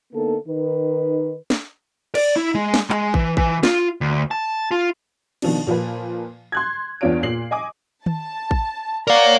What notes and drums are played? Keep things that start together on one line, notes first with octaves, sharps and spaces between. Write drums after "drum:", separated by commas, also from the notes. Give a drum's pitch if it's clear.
D3 A#3 B3 D#4 A4
D#3 D#4 B4
drum: snare
D5, drum: cymbal
E4
G#3
drum: snare
G#3, drum: clap
E3, drum: kick A1
E3, drum: kick A1
F4, drum: snare
D2
A5
F4
B2 D#3 F3 D4, drum: cymbal
A#2 F3 A#3 B4
C6 F#6 G#6
E2 B3 D4 F4 C#5 D7
A#2 C7 F#7
D#5 G#5 D6
A5, drum: tom D#3
drum: kick A1
A#4 C#5 D5 F5 F#5 A#5